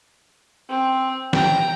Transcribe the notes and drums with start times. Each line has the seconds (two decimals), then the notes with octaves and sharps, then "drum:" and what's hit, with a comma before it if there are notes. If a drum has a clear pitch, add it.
0.69 C4
1.33 G5 A#5, drum: snare